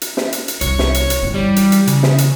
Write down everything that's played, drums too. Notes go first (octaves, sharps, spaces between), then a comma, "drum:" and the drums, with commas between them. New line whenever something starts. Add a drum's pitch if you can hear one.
drum: hi-hat
drum: snare
drum: hi-hat
drum: hi-hat
C2 E3 C#5, drum: hi-hat
drum: snare
drum: hi-hat
drum: hi-hat
G1 C4
E3 G3
drum: hi-hat
drum: hi-hat
C#3, drum: hi-hat
drum: snare
drum: hi-hat